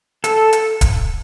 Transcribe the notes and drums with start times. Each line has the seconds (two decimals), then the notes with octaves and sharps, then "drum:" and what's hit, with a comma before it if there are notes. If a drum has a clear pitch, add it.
0.24 A4, drum: hi-hat
0.53 drum: hi-hat
0.81 drum: kick, hi-hat